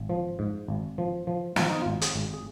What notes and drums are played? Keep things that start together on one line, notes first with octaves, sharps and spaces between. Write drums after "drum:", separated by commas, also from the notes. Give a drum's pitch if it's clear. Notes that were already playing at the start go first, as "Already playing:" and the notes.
Already playing: G#1
F3
G#2
G#1
F3
F3
F3 F4, drum: snare
D#4
F4
G#1
G#4, drum: hi-hat
G#1
G#4